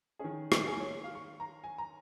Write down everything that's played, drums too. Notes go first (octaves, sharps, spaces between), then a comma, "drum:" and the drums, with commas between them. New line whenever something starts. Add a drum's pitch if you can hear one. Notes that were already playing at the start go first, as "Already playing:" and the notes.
D#3 C#4 G#4
drum: rim click
G#4
C#5
F5
C#6
A#5
G#5
A#5